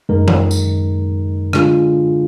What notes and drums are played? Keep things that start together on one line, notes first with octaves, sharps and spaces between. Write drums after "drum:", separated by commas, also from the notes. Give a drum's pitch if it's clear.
F#2 D#3 G#3 D#4 A#4
drum: tom D#3
drum: tambourine
D3 G#3 D4 F4 G#4, drum: rim click